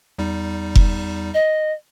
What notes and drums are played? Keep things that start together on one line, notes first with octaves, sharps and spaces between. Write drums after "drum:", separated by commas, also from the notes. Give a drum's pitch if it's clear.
E2 G3 D#4
drum: kick F1
D#5